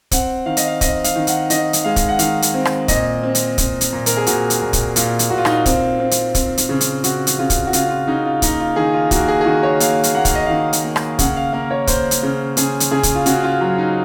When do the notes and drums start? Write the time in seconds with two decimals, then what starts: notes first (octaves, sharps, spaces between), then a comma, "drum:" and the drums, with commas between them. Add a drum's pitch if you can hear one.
0.11 C4 F#5, drum: kick, hi-hat
0.46 D#3 F5
0.57 D#5, drum: hi-hat
0.67 F5
0.81 C4 D#5, drum: kick, hi-hat
1.04 F5, drum: hi-hat
1.16 D#3
1.27 F#5, drum: hi-hat
1.50 D#3 D#5, drum: hi-hat
1.73 drum: hi-hat
1.84 G#3 F5
1.96 drum: kick, hi-hat
2.09 F#5
2.19 D#3 F5, drum: hi-hat
2.42 drum: hi-hat
2.54 C4
2.65 drum: rim click
2.88 A#2 D#5, drum: kick, hi-hat
3.23 C4
3.35 drum: hi-hat
3.58 C4, drum: kick, hi-hat
3.81 drum: hi-hat
3.93 A#2
4.06 A#4, drum: hi-hat
4.17 G#4
4.27 A#2 F#4, drum: hi-hat
4.50 drum: hi-hat
4.62 A#2
4.73 drum: kick, hi-hat
4.96 A#2 F4, drum: hi-hat
5.19 drum: hi-hat
5.30 A#2 F#4
5.38 F4
5.45 D#4, drum: rim click
5.52 F4
5.66 C4, drum: kick, hi-hat
6.00 C4
6.11 drum: hi-hat
6.35 C4, drum: kick, hi-hat
6.58 drum: hi-hat
6.69 C#3
6.81 drum: hi-hat
7.04 C#3 F#4, drum: hi-hat
7.27 drum: hi-hat
7.39 C#3 F4
7.50 drum: kick, hi-hat
7.67 F#4
7.73 C#3 F4, drum: hi-hat
7.90 F4
8.07 C#3 D#4
8.25 F4
8.42 A#3 D#4, drum: kick, hi-hat
8.60 F4
8.76 D#3 G#4
8.93 F4
9.11 A#3 F#4, drum: kick, hi-hat
9.28 G#4
9.41 G#4
9.46 D#3 F#4
9.63 C#5
9.80 A#3 F5, drum: hi-hat
10.03 drum: hi-hat
10.14 A#3 F#5
10.25 F5, drum: kick, hi-hat
10.35 D#5
10.46 D#3 F5
10.73 drum: hi-hat
10.84 A#3
10.96 drum: rim click
11.19 C#3 F#5, drum: kick, hi-hat
11.36 F5
11.53 A#3 F5
11.71 C#5
11.87 A#3 C5, drum: kick, hi-hat
12.11 drum: hi-hat
12.23 C#3
12.57 C#3 G#4, drum: hi-hat
12.80 drum: hi-hat
12.91 C#3 G#4
13.03 drum: kick, hi-hat
13.15 F4
13.26 C#3 F#4, drum: hi-hat
13.43 F4
13.60 F#3 F4
13.78 D#4